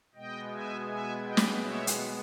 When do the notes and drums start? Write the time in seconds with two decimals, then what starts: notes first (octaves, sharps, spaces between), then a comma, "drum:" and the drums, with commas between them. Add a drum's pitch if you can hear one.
0.15 B2 G#3 B3 D#5 G5
0.52 E5 G#5
0.88 E5 G#5
1.24 D#5 G5
1.37 drum: snare
1.61 C#5 E5
1.87 drum: hi-hat